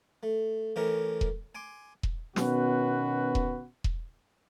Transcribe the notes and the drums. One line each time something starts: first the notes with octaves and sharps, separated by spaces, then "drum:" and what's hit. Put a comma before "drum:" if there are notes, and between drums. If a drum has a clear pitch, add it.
A3
E3 A3 C#4 G4 A#4
drum: kick E1
G#5 C6 D6
drum: kick E1
B2 D#3 B3 C#4 F#4 B4, drum: snare
drum: kick E1
drum: kick E1